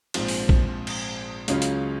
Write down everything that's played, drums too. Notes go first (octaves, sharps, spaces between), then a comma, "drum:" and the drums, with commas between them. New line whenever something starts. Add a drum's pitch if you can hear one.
A#1 G#2 F3 C4, drum: cymbal
drum: open hi-hat
drum: kick
drum: cymbal
C#2 C#3 F#3 C#4 F4, drum: hi-hat
drum: hi-hat